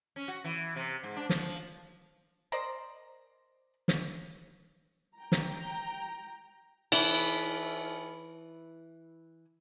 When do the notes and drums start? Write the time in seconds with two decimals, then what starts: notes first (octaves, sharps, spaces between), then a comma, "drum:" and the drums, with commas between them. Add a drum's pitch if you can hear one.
0.16 C#4
0.28 F#4
0.44 E3
0.76 C3
1.03 G#2
1.16 D4
1.29 F3, drum: snare
2.52 A#4 C5 D5 D#5
3.88 drum: snare
5.17 G5 A#5
5.32 drum: snare
6.92 E3 E4, drum: cymbal